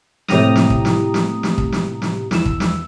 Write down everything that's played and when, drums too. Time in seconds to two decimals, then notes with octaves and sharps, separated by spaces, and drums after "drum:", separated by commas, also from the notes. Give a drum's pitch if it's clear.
0.28 A2 C3 G4 A#5 D#6, drum: snare
0.55 drum: snare
0.70 drum: kick
0.85 drum: snare
1.14 drum: snare
1.43 drum: snare
1.58 drum: kick
1.72 drum: snare
2.02 drum: snare
2.31 E2 E6, drum: snare
2.45 drum: kick
2.60 drum: snare